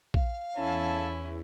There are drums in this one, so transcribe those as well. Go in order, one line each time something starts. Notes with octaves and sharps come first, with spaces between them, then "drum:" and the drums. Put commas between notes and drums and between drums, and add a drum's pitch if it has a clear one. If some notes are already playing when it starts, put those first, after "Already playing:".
F5, drum: kick A#1
E2 C#4 E4 A4 A5